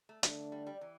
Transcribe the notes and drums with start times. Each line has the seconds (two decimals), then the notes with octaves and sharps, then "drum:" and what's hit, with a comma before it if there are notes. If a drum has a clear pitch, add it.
0.09 A3
0.23 D3 A3 D4, drum: hi-hat
0.52 G3
0.67 G3
0.81 E3